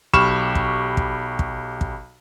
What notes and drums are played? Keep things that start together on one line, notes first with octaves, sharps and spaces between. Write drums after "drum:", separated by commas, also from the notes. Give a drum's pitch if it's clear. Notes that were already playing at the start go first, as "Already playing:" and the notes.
B1 G4 B5 C#6 F6 E7, drum: kick
drum: kick
drum: kick
drum: kick
drum: kick